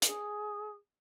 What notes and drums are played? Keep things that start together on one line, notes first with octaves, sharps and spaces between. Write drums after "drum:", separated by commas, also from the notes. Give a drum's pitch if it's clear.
G#4, drum: hi-hat